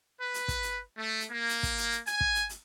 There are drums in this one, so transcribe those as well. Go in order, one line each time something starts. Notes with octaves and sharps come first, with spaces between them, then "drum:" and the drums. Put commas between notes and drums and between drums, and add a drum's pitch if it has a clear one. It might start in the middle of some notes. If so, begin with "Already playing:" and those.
B4
drum: hi-hat
drum: kick, hi-hat
drum: hi-hat
A3
drum: hi-hat
A#3
drum: hi-hat
drum: kick, hi-hat
drum: hi-hat
drum: hi-hat
G#5, drum: hi-hat
drum: kick
drum: hi-hat
drum: hi-hat